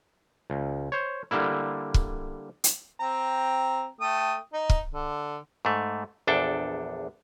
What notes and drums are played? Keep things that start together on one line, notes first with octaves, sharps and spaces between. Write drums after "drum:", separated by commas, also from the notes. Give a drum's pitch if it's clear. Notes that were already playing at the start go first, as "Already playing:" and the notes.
C#2
C5 C#5
D3 G3 A#3 E4
drum: kick
drum: hi-hat
C4 G5 A#5
A3 G5 D#6
D#4
drum: kick
D3
G#2 A3
A#1 E2 D4 A4 G5